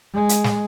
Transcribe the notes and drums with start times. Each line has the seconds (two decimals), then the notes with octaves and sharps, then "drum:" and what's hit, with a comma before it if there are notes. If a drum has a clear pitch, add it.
0.14 G#3
0.29 drum: hi-hat
0.44 drum: snare